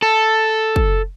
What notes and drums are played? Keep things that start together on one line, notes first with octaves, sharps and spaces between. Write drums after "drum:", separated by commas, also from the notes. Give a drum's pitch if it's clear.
A4
drum: kick